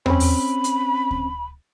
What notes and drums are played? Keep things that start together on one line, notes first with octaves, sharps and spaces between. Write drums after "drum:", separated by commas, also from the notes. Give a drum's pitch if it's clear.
C4 C#4 B5, drum: tom E2
drum: open hi-hat
drum: hi-hat
drum: kick D2